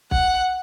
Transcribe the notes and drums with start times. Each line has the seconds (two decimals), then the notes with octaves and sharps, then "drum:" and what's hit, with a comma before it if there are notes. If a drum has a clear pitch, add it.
0.11 F#5, drum: kick